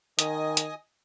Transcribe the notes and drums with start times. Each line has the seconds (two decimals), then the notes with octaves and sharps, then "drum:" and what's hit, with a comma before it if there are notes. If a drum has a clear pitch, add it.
0.19 D#3 D#5 G#5 D#6, drum: hi-hat
0.57 drum: hi-hat